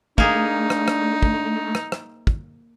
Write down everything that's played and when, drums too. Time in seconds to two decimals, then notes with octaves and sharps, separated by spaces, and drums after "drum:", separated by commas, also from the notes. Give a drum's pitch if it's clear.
0.18 A3 A#3 D4 D#4 G#4, drum: kick
0.70 drum: rim click
0.88 drum: rim click
1.23 drum: kick
1.75 drum: rim click
1.92 drum: rim click
2.27 drum: kick